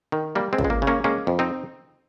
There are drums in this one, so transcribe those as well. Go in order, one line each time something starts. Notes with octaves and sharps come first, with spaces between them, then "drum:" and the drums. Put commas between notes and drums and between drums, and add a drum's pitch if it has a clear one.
D#3
G3 A#3
G#3 C4
C#2, drum: kick
G#3
A#3
C#3
A#3 C#4
G#3 A#3 C#4
F2
C4 D#4